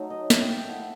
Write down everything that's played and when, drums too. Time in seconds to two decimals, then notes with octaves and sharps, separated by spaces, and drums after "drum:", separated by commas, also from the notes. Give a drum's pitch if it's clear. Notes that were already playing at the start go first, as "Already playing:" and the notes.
Already playing: F#3 A3 D#4
0.10 D#5
0.30 A3 E4 E5, drum: snare
0.42 G5
0.56 G5
0.69 A3 E4 F#5
0.79 F#5